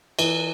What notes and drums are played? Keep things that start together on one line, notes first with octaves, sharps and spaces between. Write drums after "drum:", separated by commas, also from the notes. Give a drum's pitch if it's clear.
E3, drum: cymbal